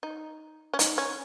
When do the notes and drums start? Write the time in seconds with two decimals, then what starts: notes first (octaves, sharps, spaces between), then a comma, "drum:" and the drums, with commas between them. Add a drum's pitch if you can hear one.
0.03 D#4
0.74 C#4
0.79 D#4, drum: hi-hat
0.98 C#4